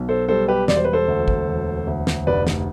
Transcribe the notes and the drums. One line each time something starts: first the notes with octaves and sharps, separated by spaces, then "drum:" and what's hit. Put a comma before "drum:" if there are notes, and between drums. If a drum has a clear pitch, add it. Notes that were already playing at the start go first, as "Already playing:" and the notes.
Already playing: B1
A4 C5
G3 A4 C5
G4 B4
E1 D5, drum: snare
C5
B4
A4 C5
D2
drum: kick
E1
D2
drum: snare
F1 B4 D5
drum: snare